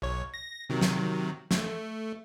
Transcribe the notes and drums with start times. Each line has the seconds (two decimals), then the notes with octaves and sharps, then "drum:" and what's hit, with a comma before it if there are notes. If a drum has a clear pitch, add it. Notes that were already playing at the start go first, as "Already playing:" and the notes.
0.02 B1 C#5
0.34 A#6
0.70 C3 D#3 F#3
0.81 drum: snare
1.51 A3, drum: snare